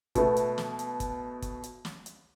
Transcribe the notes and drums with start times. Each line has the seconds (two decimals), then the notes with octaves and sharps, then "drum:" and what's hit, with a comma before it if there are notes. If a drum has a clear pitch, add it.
0.15 B2 A3 B3, drum: kick, hi-hat
0.37 drum: hi-hat
0.58 drum: snare
0.79 drum: hi-hat
1.00 drum: kick, hi-hat
1.42 drum: kick, hi-hat
1.64 drum: hi-hat
1.85 drum: snare
2.06 drum: hi-hat